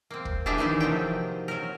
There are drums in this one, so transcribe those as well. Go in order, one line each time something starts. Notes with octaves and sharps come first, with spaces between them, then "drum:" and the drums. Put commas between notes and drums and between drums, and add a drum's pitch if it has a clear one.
A#3 C4
drum: kick
D4 E4 G4 G#4 D#5 E5
D#3 E3 D#4 E4 G#4
C3 F3 F#3 G5
F#3 A#4